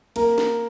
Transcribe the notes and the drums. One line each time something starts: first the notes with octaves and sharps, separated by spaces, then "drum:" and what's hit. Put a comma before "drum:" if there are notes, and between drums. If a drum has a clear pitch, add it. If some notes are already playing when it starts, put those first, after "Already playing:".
A#3 A#4, drum: cymbal
drum: snare